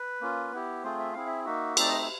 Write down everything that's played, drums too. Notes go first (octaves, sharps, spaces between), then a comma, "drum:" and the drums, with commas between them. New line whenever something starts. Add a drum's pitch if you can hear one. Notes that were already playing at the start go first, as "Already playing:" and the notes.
Already playing: B4
A#3 C#4 F4
B3 E4 G4
A3 C4 F4 G#4 C5
E5
C4 E4 G#4 F5
E5
A#3 D#4 F#4 E5
A3 C4 D#4 D5, drum: cymbal
D#5
E5